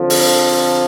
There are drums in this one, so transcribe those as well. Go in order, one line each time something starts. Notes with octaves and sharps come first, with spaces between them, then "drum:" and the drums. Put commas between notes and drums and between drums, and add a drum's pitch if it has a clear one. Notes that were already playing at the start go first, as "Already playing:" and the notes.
Already playing: F2 D3 F3
drum: open hi-hat